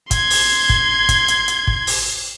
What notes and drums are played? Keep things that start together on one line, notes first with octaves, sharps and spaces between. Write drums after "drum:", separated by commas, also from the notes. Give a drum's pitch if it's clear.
C6 G#6, drum: kick, hi-hat
drum: open hi-hat
drum: kick
drum: kick, hi-hat
drum: hi-hat
drum: hi-hat
drum: kick
drum: open hi-hat